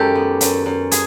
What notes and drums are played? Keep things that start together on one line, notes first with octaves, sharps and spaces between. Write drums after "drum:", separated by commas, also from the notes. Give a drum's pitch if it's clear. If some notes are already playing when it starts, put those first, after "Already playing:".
Already playing: F#2 D#3 G#3 G4 A4
B3
F#2, drum: hi-hat
F#2
G#4, drum: hi-hat